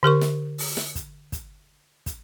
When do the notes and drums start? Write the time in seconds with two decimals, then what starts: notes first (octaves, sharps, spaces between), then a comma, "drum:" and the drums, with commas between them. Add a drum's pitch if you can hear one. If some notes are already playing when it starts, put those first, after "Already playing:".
0.03 D3 G4 A#4 C#6
0.21 drum: snare
0.58 drum: open hi-hat
0.77 drum: snare
0.95 drum: kick, hi-hat
1.32 drum: kick, hi-hat
2.06 drum: kick, hi-hat